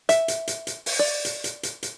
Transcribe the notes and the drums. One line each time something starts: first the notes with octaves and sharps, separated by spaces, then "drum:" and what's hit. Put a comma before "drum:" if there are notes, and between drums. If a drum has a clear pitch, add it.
E5, drum: hi-hat
drum: hi-hat
drum: hi-hat
drum: hi-hat
drum: open hi-hat
D5
drum: hi-hat
drum: hi-hat
drum: hi-hat
drum: hi-hat